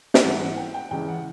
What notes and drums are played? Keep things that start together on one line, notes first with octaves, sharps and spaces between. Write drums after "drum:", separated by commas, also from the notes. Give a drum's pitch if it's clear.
drum: snare
G#2 E3 G3 F#5
F#5
G5
G5
E2 C#3 E3 G#3 G5
F#5